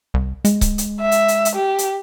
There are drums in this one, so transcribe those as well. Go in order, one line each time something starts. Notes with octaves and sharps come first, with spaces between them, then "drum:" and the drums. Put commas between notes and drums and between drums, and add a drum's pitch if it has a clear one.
C2
G#3, drum: hi-hat
drum: kick C#1, hi-hat
drum: hi-hat
E5
drum: hi-hat
drum: hi-hat
drum: hi-hat
G4
drum: hi-hat